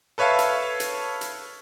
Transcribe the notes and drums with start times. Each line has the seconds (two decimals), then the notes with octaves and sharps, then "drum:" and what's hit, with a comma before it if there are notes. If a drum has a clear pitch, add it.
0.18 A4 B4 C#5 E5 F5 A5
0.39 drum: hi-hat
0.80 drum: hi-hat
1.21 drum: hi-hat